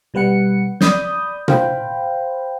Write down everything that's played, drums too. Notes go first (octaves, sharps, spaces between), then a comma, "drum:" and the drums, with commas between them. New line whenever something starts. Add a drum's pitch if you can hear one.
B2 G3 B4 F#5 C#7
D5 B5 D#6 G6, drum: snare
C5 F5 G5 B5, drum: tom A#2